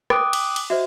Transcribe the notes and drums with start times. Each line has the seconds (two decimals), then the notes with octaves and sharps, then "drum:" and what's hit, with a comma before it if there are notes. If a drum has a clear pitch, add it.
0.10 G5 D6 D#6 F#6 D7, drum: rim click
0.33 drum: cymbal
0.56 drum: cymbal
0.70 F#4 C5 D#5 E5